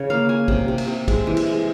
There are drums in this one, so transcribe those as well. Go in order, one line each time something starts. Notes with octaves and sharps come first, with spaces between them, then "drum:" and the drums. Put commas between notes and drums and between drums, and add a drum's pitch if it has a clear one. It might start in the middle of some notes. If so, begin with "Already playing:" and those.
Already playing: C#3 C#5
A#3 F5
A#3 G#5
C3, drum: kick
C3
drum: cymbal
C3
G#3, drum: kick, cymbal
E3
drum: cymbal
G#3